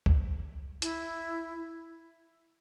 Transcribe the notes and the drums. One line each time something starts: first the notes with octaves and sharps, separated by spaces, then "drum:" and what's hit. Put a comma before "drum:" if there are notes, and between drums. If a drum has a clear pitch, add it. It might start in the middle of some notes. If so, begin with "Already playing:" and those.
drum: kick C#2
E4, drum: hi-hat